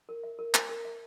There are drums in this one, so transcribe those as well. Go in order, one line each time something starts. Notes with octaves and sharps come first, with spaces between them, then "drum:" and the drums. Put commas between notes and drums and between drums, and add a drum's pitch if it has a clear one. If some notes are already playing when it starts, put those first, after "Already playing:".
A#4
E5
A#4
A#4, drum: clap
A#4
E5